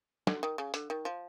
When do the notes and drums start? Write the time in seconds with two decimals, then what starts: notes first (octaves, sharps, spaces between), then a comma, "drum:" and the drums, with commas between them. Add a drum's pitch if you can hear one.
0.27 D3, drum: snare
0.43 D#3
0.58 C#3
0.74 D3, drum: hi-hat
0.90 D#3
1.05 F3